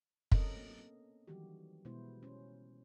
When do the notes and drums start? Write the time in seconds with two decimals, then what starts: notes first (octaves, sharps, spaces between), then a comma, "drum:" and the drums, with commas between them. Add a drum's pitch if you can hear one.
0.32 C4 C#4 A4 A#4 D#5, drum: kick
0.57 A#3 B3
1.28 D#3 E3 F#3 G3 F#4 G4
1.85 B2 G#3 B3 E4 C5
2.23 C#4 C5